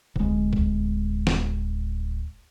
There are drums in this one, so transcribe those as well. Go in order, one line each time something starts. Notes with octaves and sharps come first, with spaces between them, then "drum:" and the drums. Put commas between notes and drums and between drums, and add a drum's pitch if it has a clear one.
D1 G#3, drum: kick A#1
drum: kick A#1
drum: snare